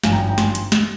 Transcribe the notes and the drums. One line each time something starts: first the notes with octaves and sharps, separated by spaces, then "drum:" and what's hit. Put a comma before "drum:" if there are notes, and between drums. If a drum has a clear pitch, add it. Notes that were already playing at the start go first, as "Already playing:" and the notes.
G#1 G2 F3 F5 G#5, drum: snare
G5 A#5
G5 A#5
G#5 C6, drum: snare
drum: hi-hat
drum: snare